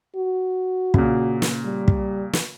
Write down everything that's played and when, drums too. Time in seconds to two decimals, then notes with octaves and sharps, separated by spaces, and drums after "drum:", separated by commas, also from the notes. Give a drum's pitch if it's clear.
0.16 F#4
0.94 A#2 C#3, drum: kick
1.42 drum: snare
1.65 G3
1.88 drum: kick
2.33 drum: snare